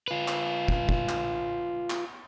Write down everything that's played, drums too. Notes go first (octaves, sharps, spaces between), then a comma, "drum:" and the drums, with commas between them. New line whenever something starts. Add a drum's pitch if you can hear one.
F4 B4
drum: clap
drum: kick
drum: kick
drum: clap
drum: clap